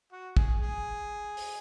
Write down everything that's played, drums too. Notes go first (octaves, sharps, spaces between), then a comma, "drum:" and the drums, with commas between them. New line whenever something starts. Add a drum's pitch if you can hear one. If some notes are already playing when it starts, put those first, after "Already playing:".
F#4
G#4, drum: kick
G#4
drum: open hi-hat